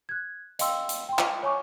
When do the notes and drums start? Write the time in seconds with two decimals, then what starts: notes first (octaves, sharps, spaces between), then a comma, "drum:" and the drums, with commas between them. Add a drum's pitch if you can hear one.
0.09 F#6 G#6
0.59 D#5 F5 G5 C6 E6, drum: hi-hat
0.89 drum: hi-hat
1.09 G5 C6
1.19 drum: clap
1.43 C#5 G#5 C#6 D6